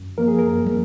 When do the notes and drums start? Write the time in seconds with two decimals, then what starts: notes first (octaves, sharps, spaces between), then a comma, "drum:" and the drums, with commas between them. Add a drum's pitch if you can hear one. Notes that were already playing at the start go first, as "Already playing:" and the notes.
Already playing: F#2
0.18 F3 A#3 A#4
0.28 G#4
0.39 A#4
0.47 F#2
0.67 drum: tom